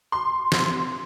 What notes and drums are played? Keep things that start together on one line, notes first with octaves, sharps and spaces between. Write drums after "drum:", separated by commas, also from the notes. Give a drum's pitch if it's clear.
C6
drum: snare